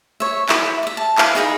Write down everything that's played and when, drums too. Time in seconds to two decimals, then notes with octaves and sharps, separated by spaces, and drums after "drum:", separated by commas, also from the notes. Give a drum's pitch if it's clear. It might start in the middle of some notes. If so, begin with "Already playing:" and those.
0.20 C#5 E5
0.49 E4 E5, drum: clap
0.83 D5 E5
0.97 A5
1.18 E4 B4 F5, drum: clap
1.35 D#4 G#4 A#4 B5